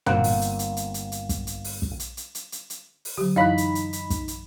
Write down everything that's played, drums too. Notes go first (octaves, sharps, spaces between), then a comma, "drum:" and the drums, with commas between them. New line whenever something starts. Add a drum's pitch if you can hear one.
G1 A#3 C4 F#5, drum: tom
drum: open hi-hat
drum: hi-hat
drum: hi-hat
drum: hi-hat
drum: hi-hat
drum: hi-hat
drum: kick, hi-hat
drum: hi-hat
drum: open hi-hat
drum: kick
drum: hi-hat
drum: hi-hat
drum: hi-hat
drum: hi-hat
drum: hi-hat
drum: open hi-hat
D3 F#3 G4
F#2 E3 D#4 E4 C#5 F5 B5 F#6
drum: hi-hat
drum: hi-hat
drum: hi-hat
drum: kick, hi-hat
drum: hi-hat